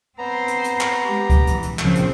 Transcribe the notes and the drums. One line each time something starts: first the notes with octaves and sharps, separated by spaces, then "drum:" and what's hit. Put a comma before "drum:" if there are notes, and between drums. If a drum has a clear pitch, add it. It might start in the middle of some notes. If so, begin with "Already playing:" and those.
B3 C4 C5 A#5
drum: hi-hat
drum: hi-hat
drum: clap
G#3 G4
drum: kick C#2, hi-hat
E3, drum: hi-hat
drum: hi-hat
A#1 C#3 F3 C4, drum: clap
drum: hi-hat